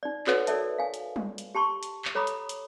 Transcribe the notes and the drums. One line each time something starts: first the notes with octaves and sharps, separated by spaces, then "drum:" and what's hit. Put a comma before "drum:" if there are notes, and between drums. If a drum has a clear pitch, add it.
D#4 D5
F#4 A4 B4 C#5 F#5, drum: clap
A4 A#4 C#5 D5 E5 A5, drum: hi-hat
F5 G#5
drum: hi-hat
drum: tom G3
drum: hi-hat
G4 A5 C6 C#6
drum: hi-hat
drum: clap
A4 C#5 A#5 B5 D6 D#6
drum: hi-hat
drum: hi-hat